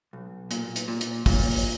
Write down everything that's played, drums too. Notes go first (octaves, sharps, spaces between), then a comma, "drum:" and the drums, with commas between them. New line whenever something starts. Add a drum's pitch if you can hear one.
B1
A#2, drum: hi-hat
drum: hi-hat
A#2
drum: hi-hat
A#2, drum: kick, open hi-hat
drum: open hi-hat